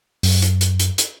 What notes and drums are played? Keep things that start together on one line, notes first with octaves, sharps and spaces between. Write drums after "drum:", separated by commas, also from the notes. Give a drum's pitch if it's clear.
F#2, drum: open hi-hat
drum: hi-hat
drum: hi-hat
drum: hi-hat
drum: hi-hat